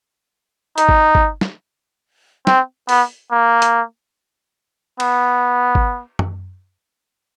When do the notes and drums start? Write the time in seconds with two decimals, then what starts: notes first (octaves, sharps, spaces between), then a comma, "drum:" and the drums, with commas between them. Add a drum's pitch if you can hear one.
0.78 D#4, drum: hi-hat
0.89 drum: kick
1.15 drum: kick
1.41 drum: snare
2.47 C4, drum: snare
2.89 B3, drum: open hi-hat
3.31 A#3
3.62 drum: hi-hat
5.00 B3, drum: cymbal
5.75 drum: kick
6.19 drum: tom